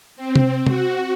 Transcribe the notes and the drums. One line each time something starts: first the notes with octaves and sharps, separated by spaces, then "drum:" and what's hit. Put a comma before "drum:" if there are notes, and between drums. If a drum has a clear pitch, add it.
C4
drum: tom C3
F#4, drum: tom C3